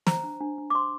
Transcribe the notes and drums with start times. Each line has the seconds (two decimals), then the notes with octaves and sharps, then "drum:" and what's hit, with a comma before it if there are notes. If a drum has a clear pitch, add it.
0.07 C5 A#5, drum: snare
0.24 D4
0.41 D4
0.58 D4
0.70 D6
0.74 C5 C6